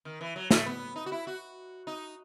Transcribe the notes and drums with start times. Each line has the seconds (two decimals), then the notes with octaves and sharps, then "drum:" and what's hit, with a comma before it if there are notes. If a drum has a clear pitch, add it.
0.05 D#3
0.21 E3
0.36 F#3
0.51 A3, drum: snare
0.66 B3
0.96 D#4
1.06 F#4
1.12 E4
1.27 F#4
1.87 D#4